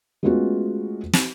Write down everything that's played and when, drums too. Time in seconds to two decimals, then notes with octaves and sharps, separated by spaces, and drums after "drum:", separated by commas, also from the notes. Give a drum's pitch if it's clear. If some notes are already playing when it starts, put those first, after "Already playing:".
0.23 G#3 A3 B3 C#4 F4 F#4
1.13 drum: snare